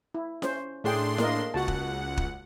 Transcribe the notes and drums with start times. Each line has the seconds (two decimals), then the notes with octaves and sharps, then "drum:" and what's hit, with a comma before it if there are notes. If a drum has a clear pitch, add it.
0.15 E4
0.42 C#4 C5, drum: snare E4
0.84 A2 A3 D4 G#4 G5 C6
1.18 A#3 A#4 D#5, drum: snare E4
1.54 C#2 F#4 F#5 A5
1.68 drum: kick
2.17 drum: kick